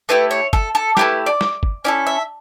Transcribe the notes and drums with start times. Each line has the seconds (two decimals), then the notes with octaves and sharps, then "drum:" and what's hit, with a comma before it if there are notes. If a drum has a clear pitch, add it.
0.09 A3 E4 G4 B4
0.31 C#5
0.53 A4, drum: kick
0.75 A4
0.97 A3 E4 G4 B4, drum: snare
1.26 D5
1.41 drum: snare
1.63 drum: kick
1.85 C#4 E4 A4 D5
2.07 E5